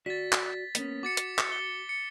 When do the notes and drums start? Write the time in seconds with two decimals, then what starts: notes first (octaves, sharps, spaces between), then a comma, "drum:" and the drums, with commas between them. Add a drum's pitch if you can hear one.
0.06 F#4 D5 A6 B6
0.33 drum: clap
0.75 A#3 B3 C#4, drum: hi-hat
1.03 F#4 D6 A6 C#7
1.17 drum: hi-hat
1.38 drum: clap
1.52 G7
1.89 C#7